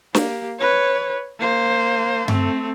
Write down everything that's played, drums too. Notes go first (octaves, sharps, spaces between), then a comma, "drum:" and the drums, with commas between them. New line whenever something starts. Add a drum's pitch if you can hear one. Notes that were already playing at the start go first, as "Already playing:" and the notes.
A#3 G4, drum: snare
B4 C#5
A#3 C5
A3 C4, drum: tom G2